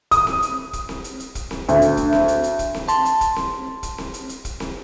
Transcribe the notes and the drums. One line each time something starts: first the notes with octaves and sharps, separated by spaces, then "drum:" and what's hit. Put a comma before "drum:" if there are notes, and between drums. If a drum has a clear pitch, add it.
D#6, drum: kick, hi-hat
drum: snare C4
drum: hi-hat
drum: kick, hi-hat
drum: snare C4
drum: hi-hat
drum: hi-hat
drum: kick, hi-hat
drum: snare C4
D2, drum: hi-hat
drum: hi-hat
drum: kick, hi-hat
drum: snare C4
drum: hi-hat
drum: hi-hat
drum: kick, hi-hat
drum: snare C4
A5 C6, drum: hi-hat
drum: hi-hat
drum: kick, hi-hat
drum: snare C4
drum: kick, hi-hat
drum: snare C4
drum: hi-hat
drum: hi-hat
drum: kick, hi-hat
drum: snare C4